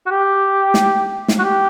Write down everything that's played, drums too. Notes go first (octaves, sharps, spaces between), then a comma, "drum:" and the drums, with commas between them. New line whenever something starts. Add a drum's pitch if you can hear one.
F#4
G4
drum: snare
drum: snare
F#4
G4